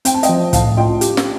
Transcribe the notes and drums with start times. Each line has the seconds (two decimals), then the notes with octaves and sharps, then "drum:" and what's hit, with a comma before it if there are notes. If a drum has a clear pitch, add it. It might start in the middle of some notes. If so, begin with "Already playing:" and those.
0.05 C4 G5, drum: hi-hat
0.14 A5
0.23 D#5 G5, drum: hi-hat
0.29 F3
0.53 A2 F5 A5, drum: kick, hi-hat
0.77 F4 D#5 G5
1.01 G4, drum: hi-hat
1.17 drum: snare